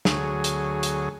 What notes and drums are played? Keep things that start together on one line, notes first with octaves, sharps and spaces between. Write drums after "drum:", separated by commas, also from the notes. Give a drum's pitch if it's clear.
D2 F#3 G#4, drum: snare
drum: hi-hat
drum: hi-hat